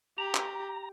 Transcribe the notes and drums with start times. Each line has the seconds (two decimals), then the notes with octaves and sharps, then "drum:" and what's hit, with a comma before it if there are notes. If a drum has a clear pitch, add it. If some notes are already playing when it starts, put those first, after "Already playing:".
0.18 G4 A#5
0.35 drum: clap